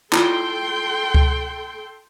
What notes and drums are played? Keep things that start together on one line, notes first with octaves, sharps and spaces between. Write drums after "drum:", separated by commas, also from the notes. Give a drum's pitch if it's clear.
E4 F4 A4 G5 C6, drum: clap
drum: kick C#2